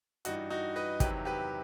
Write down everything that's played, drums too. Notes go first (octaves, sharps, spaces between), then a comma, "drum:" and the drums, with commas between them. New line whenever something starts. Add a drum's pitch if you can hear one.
G2 E3 G3 D#4 F#4, drum: hi-hat
D#4 F#4
B4 D#5
E2 C3 D#3 F#3 G4 B4, drum: kick, hi-hat
G4 B4